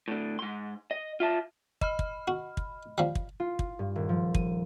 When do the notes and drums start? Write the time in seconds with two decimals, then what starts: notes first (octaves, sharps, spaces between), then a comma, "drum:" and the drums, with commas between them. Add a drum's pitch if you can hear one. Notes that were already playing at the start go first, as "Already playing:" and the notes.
0.08 A2 D3
0.39 G#2 C6
0.91 D#5
1.20 F4 E5 A5
1.81 D#5 B5 F6, drum: kick
1.99 drum: kick
2.28 F#4
2.57 drum: kick
2.98 F3 G3
3.15 drum: kick
3.40 F4
3.59 drum: kick
3.79 G2
3.96 D#1
4.09 F3
4.35 D#7, drum: kick